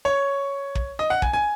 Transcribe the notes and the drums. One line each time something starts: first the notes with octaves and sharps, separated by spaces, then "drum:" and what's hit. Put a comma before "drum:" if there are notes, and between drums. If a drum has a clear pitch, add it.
C#5
drum: kick
D#5
F#5
G#5, drum: kick
G#5